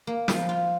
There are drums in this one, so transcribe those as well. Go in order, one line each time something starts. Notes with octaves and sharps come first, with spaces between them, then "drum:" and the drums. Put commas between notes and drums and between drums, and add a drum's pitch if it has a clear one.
A#3
F3, drum: snare
F4